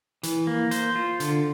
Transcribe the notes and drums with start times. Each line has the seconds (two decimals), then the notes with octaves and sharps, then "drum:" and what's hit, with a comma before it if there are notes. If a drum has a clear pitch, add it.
0.23 E3, drum: hi-hat
0.47 A#3
0.71 C5, drum: hi-hat
0.96 F4
1.20 D3, drum: hi-hat